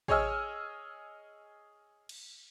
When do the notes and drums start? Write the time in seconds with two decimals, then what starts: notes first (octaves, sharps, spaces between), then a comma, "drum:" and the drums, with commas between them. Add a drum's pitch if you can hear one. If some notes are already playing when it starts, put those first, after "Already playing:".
0.08 G#4 C#5 D#5 G#5 E6 F6, drum: kick A1
2.09 drum: cymbal